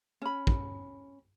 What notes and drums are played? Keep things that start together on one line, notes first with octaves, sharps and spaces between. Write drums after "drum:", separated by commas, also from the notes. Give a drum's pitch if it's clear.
C#4 B5
drum: kick